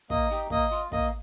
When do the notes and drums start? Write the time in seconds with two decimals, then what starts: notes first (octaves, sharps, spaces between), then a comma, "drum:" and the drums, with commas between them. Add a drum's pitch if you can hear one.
0.10 A#3 D#5, drum: kick
0.30 D#4 G4, drum: hi-hat
0.50 A#3 D#5, drum: kick
0.71 F4, drum: hi-hat
0.92 A#3 D#5, drum: kick